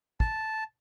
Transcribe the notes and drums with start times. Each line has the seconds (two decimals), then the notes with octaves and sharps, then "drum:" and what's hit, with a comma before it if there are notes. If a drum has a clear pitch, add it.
0.20 A5, drum: kick